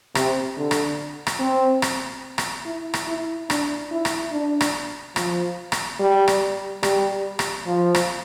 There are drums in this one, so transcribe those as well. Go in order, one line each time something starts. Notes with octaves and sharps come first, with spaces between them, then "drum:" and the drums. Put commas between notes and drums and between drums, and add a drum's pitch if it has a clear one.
C3, drum: rim click
D3
drum: rim click
drum: rim click
C4
drum: rim click
drum: rim click
E4
drum: rim click
E4
D4, drum: rim click
E4
drum: rim click
D4
drum: rim click
F3, drum: rim click
drum: rim click
G3
drum: rim click
G3, drum: rim click
drum: rim click
F3
drum: rim click